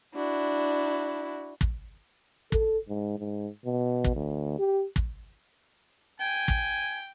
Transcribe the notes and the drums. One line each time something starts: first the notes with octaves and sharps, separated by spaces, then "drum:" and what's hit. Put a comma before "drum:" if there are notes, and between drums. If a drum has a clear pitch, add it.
D4 E4 F#4
drum: kick
A4, drum: kick
G#2
G#2
B2
drum: kick
D2
G4
drum: kick
G5 G#5
drum: kick